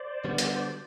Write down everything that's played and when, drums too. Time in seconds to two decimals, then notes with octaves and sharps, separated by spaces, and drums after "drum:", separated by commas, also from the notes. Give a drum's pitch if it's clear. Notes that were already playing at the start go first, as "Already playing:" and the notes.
Already playing: C5 D5
0.24 D3 G3 B3 D4 F#4
0.38 drum: hi-hat
0.52 C5 D5